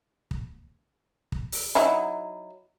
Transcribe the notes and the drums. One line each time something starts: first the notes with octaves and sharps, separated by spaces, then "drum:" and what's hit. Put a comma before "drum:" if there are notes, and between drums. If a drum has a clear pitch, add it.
drum: kick
drum: kick
drum: open hi-hat
F#3 D#4 E4